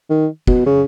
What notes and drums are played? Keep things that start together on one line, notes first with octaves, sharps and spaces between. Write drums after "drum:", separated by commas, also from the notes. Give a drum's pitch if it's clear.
D#3
B2, drum: kick
C#3